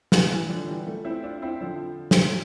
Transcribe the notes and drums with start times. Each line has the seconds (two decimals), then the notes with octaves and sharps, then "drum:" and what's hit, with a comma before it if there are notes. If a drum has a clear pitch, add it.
0.12 E3, drum: snare
0.30 E3
0.49 D3 F3
0.67 E3 G3
0.87 F3 A3
1.05 C4 E4
1.24 D4 F4
1.42 C4 E4
1.61 D3 F3
2.11 drum: snare